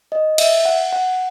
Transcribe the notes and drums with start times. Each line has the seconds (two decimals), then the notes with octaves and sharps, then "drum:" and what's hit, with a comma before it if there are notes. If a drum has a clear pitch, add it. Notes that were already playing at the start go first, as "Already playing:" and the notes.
0.12 D#5
0.38 E5, drum: cymbal
0.65 F#5
0.93 F#5